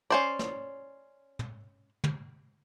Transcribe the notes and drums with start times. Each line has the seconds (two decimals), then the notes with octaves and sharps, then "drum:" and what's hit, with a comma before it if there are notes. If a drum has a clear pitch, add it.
0.10 C#4 C5 D5
0.39 drum: snare
1.39 drum: tom
2.04 drum: tom